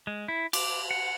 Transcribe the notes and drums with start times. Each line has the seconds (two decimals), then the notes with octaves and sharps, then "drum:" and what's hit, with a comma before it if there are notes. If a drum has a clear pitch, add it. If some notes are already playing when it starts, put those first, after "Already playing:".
0.07 G#3
0.28 E4
0.53 D6, drum: cymbal
0.91 F#5